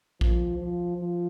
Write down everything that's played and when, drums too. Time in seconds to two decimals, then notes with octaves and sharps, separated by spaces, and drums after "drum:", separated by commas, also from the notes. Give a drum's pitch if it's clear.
0.21 F3, drum: kick A#1
0.59 F3
0.97 F3